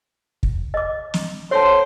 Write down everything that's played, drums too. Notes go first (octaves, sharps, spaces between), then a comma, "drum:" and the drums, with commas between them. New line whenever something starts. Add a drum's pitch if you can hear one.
drum: kick
D#5 D6
drum: snare
D3 C5 C#5 A5 C6